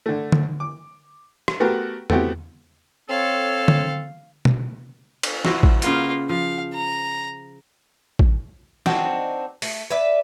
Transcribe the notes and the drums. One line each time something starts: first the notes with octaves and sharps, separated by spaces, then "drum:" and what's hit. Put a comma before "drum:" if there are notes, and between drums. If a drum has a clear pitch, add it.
D3 A3
drum: tom D3
D6
drum: rim click
A3 B3 F#4 G4 A#4 B4
A3 B3 C4 E4 F#4 G4, drum: tom E2
C4 A4 C#5 F5
drum: tom D3
drum: tom B2
drum: cymbal
E4 F#4 C5, drum: snare
drum: kick A1
C#3 A#3 F4 B4 F#5, drum: hi-hat
F3 F5
A#5
drum: kick A1
C4 D4 D#4 F#4, drum: snare
A3, drum: open hi-hat
B4 D5 E5